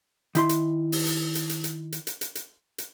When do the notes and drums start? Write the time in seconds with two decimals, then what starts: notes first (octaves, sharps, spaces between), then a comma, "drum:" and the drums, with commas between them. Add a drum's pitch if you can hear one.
0.35 D#3 E4 C6, drum: hi-hat
0.49 drum: hi-hat
0.92 drum: open hi-hat
1.07 drum: hi-hat
1.35 drum: hi-hat
1.49 drum: hi-hat
1.64 drum: hi-hat
1.92 drum: hi-hat
2.07 drum: hi-hat
2.21 drum: hi-hat
2.35 drum: hi-hat
2.78 drum: hi-hat